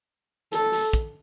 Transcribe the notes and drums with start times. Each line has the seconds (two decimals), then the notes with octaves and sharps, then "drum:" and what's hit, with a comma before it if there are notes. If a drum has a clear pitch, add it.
0.53 A4, drum: hi-hat
0.73 drum: open hi-hat
0.93 drum: kick, hi-hat